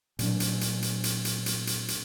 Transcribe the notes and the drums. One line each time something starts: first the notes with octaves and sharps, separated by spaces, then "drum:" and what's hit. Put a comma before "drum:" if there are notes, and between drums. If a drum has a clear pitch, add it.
A#2 F#3 D4, drum: hi-hat
drum: hi-hat
drum: hi-hat
drum: hi-hat
drum: hi-hat
drum: hi-hat
drum: hi-hat
drum: hi-hat
drum: hi-hat